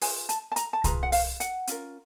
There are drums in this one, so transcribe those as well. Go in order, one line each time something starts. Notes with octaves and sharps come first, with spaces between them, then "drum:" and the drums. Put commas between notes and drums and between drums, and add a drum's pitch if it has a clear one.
F4 G#4 B4 G#5, drum: open hi-hat
A5, drum: hi-hat
A5
A#5, drum: hi-hat
A5
F4 G#4 B4 A#5, drum: kick C2, hi-hat
F#5
F5, drum: open hi-hat
F#5, drum: hi-hat
C#4 F4 A#4, drum: hi-hat